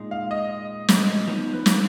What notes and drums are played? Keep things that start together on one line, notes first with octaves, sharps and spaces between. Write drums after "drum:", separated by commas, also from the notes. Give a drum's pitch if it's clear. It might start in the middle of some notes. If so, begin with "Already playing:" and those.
Already playing: A#2 G#3 D#4
F5
D#5
drum: snare
F3 B3 D#4
B4
drum: snare